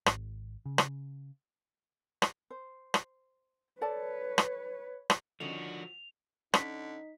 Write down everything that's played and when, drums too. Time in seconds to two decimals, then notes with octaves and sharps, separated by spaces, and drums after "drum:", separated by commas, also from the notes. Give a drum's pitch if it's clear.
0.06 G#1, drum: rim click
0.66 C#3
0.78 drum: rim click
2.22 drum: rim click
2.50 C5
2.94 drum: rim click
3.81 A4 B4 C#5 D5 A5
4.38 drum: rim click
5.10 drum: rim click
5.40 D3 D#3 F3 C#4 F#4 F7
6.54 D3 C#4 D#4 B6, drum: rim click